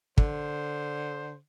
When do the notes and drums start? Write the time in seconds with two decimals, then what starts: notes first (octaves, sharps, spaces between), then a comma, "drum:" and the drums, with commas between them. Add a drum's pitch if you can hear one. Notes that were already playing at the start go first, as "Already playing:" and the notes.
0.18 D3 C5, drum: kick